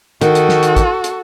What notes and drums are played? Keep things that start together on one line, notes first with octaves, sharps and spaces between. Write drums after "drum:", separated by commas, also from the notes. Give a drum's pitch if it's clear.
D#3 F#4 A4, drum: hi-hat
drum: hi-hat
drum: snare
drum: hi-hat
drum: kick, hi-hat
drum: hi-hat